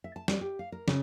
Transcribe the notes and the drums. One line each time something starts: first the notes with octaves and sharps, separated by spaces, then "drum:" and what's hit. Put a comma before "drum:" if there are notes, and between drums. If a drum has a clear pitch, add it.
E5
A5
G3, drum: snare
G4
F5
A#4
C#3, drum: snare